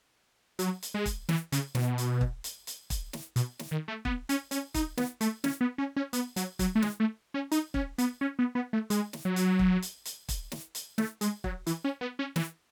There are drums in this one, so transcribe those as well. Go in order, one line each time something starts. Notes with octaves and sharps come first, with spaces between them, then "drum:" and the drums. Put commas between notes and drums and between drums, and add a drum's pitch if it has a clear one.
F#3, drum: hi-hat
drum: hi-hat
G#3
drum: kick, hi-hat
E3, drum: snare
C#3, drum: hi-hat
B2, drum: snare
drum: hi-hat
drum: kick
drum: hi-hat
drum: hi-hat
drum: kick, hi-hat
drum: snare
B2, drum: hi-hat
drum: snare
D#3
A3
B3, drum: kick
C#4, drum: hi-hat
C#4, drum: hi-hat
D#4, drum: kick, hi-hat
B3, drum: snare
A3, drum: hi-hat
C#4, drum: snare
B3
C#4
C#4
B3, drum: hi-hat
F#3, drum: hi-hat
F#3, drum: kick, hi-hat
A3
G#3, drum: snare
A3
C#4
D#4, drum: hi-hat
C#4, drum: kick
B3, drum: hi-hat
C#4
B3
B3
A3
G#3, drum: hi-hat
drum: snare
F#3
drum: hi-hat
drum: kick
drum: hi-hat
drum: hi-hat
drum: kick, hi-hat
drum: snare
drum: hi-hat
A3, drum: snare
G#3, drum: hi-hat
F#3, drum: kick
E3, drum: hi-hat
C#4
B3
C#4
E3, drum: snare